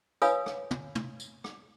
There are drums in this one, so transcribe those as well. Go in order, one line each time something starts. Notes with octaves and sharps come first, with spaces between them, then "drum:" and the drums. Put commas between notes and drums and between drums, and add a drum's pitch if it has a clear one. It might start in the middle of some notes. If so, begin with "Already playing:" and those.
B4 C#5 F5 G#5 B5 D#6, drum: tambourine
drum: rim click
drum: tom
drum: tom
drum: tambourine
drum: rim click